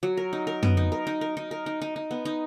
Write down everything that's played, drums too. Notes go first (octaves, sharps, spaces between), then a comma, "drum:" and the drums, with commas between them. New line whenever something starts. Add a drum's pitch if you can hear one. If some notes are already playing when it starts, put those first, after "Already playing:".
F#3
A#4
D#4
A#4
B3, drum: tom
D#4
A#4
D#4
A#4
D#4
A#4
D#4
D#4
D#4
B3
D#4